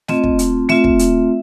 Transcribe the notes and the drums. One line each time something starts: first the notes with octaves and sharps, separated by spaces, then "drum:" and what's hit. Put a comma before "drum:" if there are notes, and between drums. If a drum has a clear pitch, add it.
A3 C4 F4 D#5, drum: snare
drum: kick
drum: hi-hat
A3 C4 F4 E5, drum: snare
drum: kick
drum: hi-hat